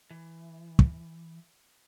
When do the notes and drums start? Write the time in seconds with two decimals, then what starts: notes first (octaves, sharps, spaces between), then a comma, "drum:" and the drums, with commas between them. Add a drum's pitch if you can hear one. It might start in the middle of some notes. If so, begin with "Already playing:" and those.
0.10 E3
0.79 drum: kick